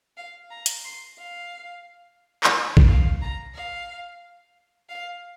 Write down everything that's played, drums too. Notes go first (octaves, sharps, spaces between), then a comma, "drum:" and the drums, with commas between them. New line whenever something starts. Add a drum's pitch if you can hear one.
F5
A#5
drum: hi-hat
C6
F5
drum: clap
drum: kick A1
F5
A#5
F5
F5